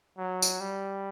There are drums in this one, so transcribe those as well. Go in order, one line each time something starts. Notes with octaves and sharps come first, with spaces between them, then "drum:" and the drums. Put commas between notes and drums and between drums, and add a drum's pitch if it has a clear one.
F#3
drum: tambourine
G3